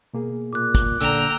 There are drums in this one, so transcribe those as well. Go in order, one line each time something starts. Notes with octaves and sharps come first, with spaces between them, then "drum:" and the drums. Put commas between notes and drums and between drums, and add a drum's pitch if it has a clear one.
B2 A#3 G#4
A#2 D6 F#6
drum: kick, hi-hat
A#2 D3 A#3 G5 A#5 E6 E7, drum: hi-hat